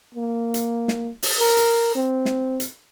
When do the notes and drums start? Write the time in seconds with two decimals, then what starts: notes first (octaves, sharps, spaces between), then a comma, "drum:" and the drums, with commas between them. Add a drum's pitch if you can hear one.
0.15 A#3
0.54 drum: hi-hat
0.88 drum: snare
1.23 drum: open hi-hat
1.40 A#4
1.57 drum: hi-hat
1.95 C4
2.25 drum: snare
2.60 drum: hi-hat